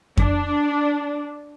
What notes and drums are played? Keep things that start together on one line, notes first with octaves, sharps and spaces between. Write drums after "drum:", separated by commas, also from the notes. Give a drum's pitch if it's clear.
D4, drum: kick F2